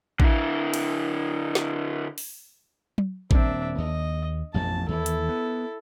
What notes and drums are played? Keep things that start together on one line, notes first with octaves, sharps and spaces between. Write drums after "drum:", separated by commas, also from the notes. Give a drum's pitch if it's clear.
D3 E4, drum: kick A1
drum: cymbal
drum: snare
drum: open hi-hat
drum: tom F#3
D#1 C4 D4 E5, drum: kick A1
D#2 D#5
A1 F2 B2 A5
D#2 E3 E4 A4
drum: hi-hat
B3